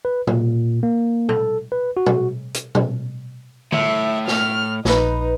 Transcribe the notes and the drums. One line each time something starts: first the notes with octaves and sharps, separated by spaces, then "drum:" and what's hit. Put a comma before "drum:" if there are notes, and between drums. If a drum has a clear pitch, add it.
B4
A#2, drum: tom
A#3
A4, drum: tom A#2
B4
F#4
drum: tom
drum: hi-hat
drum: tom
A2 E5, drum: tom D3
F6, drum: snare
A#1 D#4 B4, drum: snare